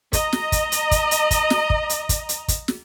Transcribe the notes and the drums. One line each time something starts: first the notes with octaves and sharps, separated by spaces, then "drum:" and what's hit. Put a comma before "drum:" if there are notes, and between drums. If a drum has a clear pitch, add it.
D#5 A#5, drum: kick, hi-hat
drum: snare
drum: kick, hi-hat
drum: hi-hat
drum: kick, hi-hat
drum: hi-hat
drum: kick, hi-hat
drum: snare
drum: kick
drum: hi-hat
drum: kick, hi-hat
drum: hi-hat
drum: kick, hi-hat
drum: snare